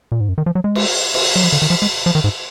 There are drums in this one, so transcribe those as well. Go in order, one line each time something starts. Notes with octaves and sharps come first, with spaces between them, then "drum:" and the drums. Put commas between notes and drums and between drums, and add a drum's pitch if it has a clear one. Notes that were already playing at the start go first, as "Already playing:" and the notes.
A#2
G#2
F#2
D#3
F3
F#3
G#3
drum: cymbal
drum: cymbal
F#3
F3
D3
D#3
F3
G#3
F3
D#3
G#2